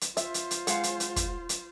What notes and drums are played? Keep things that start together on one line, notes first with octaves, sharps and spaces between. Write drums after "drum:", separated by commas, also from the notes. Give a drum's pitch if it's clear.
drum: hi-hat
F4 C5 E5, drum: hi-hat
drum: hi-hat
drum: hi-hat
G#3 F5 F#5, drum: hi-hat
drum: hi-hat
drum: hi-hat
drum: kick, hi-hat
drum: hi-hat